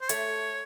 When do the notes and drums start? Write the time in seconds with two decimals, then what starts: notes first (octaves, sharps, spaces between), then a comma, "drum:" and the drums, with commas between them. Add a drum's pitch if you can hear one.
0.01 C5
0.09 A3 C#5, drum: hi-hat